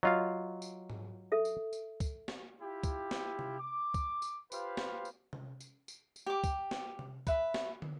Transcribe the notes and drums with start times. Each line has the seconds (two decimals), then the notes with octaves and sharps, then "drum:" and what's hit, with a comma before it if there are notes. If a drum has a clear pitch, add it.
0.03 F#3 F4 D#5 F5
0.62 drum: tambourine
0.90 drum: tom G#2
1.32 A4 E5
1.45 drum: tambourine
1.73 drum: tambourine
2.00 drum: kick C#2, tambourine
2.28 drum: snare
2.61 E4 F4 G4
2.83 drum: kick C#2, tambourine
3.11 drum: snare
3.39 drum: tom C3
3.60 D6
3.94 drum: kick C#2, tambourine
4.22 drum: tambourine
4.52 F4 G4 B4 C5 F5, drum: tambourine
4.77 drum: snare
5.05 drum: tambourine
5.33 drum: tom C3
5.60 drum: tambourine
5.88 drum: tambourine
6.16 drum: tambourine
6.26 G4 D6
6.44 drum: kick C#2, tambourine
6.71 drum: snare
6.99 drum: tom C3
7.27 B4 E5, drum: kick C#2, tambourine
7.54 drum: snare
7.82 drum: tom